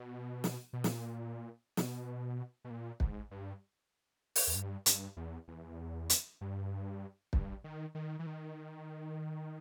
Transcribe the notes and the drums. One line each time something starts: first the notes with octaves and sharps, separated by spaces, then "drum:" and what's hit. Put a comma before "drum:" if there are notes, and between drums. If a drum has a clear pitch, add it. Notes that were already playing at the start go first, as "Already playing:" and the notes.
Already playing: B2
drum: snare
B2
A#2, drum: snare
B2, drum: snare
B2
A#2
G#2, drum: kick
G2
drum: open hi-hat
E2
G2
G2, drum: hi-hat
E2
E2
drum: hi-hat
G2
G2, drum: kick
D#3
D#3
E3
D#3